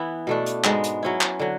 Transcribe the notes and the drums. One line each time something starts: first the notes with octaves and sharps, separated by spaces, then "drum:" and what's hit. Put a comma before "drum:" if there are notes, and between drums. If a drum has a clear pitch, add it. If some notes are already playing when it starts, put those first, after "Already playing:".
Already playing: E3 B3 E4
B2 A3 D4
drum: hi-hat
G#2 G#3 B3, drum: clap
drum: hi-hat
F#3 C#4 E4
drum: clap
D3 F#3